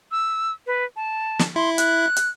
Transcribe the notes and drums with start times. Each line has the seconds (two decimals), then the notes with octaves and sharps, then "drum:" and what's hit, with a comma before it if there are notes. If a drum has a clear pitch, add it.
0.12 E6
0.67 B4
0.96 A5
1.39 drum: snare
1.56 E4 C6
1.78 F#6, drum: hi-hat
2.16 drum: hi-hat